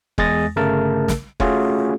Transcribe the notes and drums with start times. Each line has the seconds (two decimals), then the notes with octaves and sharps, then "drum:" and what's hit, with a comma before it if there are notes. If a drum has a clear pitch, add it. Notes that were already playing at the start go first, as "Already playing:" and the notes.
0.18 E2 G#3 G#5 D#6 A6 A#6, drum: kick F1
0.56 G1 C#3 A3 A#4 A5
1.08 drum: snare
1.40 A3 C#4 F4 F#4 G#4, drum: kick F1